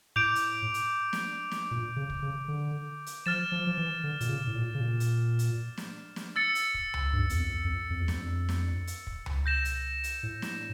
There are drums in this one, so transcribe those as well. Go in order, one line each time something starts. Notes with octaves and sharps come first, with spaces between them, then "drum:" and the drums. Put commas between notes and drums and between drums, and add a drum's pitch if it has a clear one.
A2 D6 G6 D7 F7
drum: hi-hat
drum: hi-hat
drum: snare
drum: snare
A#2
C#3
drum: kick
C#3
D3
drum: hi-hat
F3 F6 A6 E7
F3
F3
E3
D3
A#2, drum: hi-hat
C#3
A2
A#2
C#3
A#2
drum: hi-hat
drum: hi-hat
drum: snare
drum: snare
E6 A6 C#7
drum: hi-hat
drum: kick
drum: tom C#2
G2
E2, drum: hi-hat
F2
F2
F2
E2
F2, drum: snare
drum: snare
drum: hi-hat
drum: kick
drum: tom C#2
G6 A#6 E7
drum: hi-hat
drum: hi-hat
A2
drum: snare